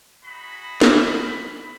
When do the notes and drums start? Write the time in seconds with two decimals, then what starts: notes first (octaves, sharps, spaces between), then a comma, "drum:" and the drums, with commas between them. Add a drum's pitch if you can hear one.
0.22 G#3 D#4 F#4 B5
0.81 drum: snare